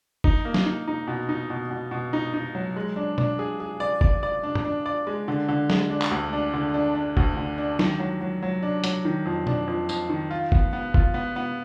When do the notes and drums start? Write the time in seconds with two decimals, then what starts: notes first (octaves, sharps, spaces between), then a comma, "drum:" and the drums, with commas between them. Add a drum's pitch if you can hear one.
0.24 D#4, drum: kick
0.45 A#3
0.54 drum: snare
0.66 D#4
0.88 D#4
1.08 B2
1.29 D#4
1.50 B2
1.71 B2
1.91 B2
2.13 D#4
2.34 D#4
2.55 F#3
2.76 G#3
2.96 D4
3.18 D4, drum: tom
3.39 G#4
3.60 G#4
3.80 D5
4.01 D5, drum: kick
4.23 D5
4.43 D4
4.55 drum: tom G#2
4.64 D4
4.86 D5
5.07 G#3
5.28 D3
5.48 D3
5.70 G#3, drum: snare
5.90 D4
6.02 drum: clap
6.11 D2
6.33 D4
6.54 D3
6.74 D4
6.95 D4
7.17 D2, drum: kick
7.37 D3
7.58 D4
7.79 D#3, drum: snare
8.00 F#3
8.21 F#3
8.43 F#3
8.63 D4
8.84 F#3, drum: hi-hat
9.05 D#3
9.25 F2
9.47 D4, drum: tom
9.68 F2
9.89 F2, drum: tambourine
10.10 D#3
10.31 F4
10.52 B3, drum: kick
10.73 B3
10.94 F4, drum: kick
11.14 B3
11.36 B3